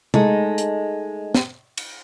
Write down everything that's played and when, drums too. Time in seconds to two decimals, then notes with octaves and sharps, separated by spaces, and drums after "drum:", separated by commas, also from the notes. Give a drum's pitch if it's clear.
0.14 G#3 A3 D#4, drum: tom C3
0.58 drum: hi-hat
1.35 drum: snare
1.77 drum: cymbal